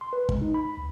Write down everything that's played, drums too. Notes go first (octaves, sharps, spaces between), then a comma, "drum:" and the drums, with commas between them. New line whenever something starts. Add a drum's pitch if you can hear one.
C6
B4
G#3, drum: kick
D#4
B5
D2